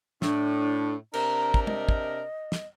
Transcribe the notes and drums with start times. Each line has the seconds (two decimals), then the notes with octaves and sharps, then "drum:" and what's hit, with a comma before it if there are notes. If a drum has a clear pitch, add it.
0.22 A2 D4, drum: snare
1.14 C3 D4 A#4 A#5, drum: cymbal
1.54 drum: kick
1.67 D#5, drum: tom
1.89 drum: kick
2.52 drum: snare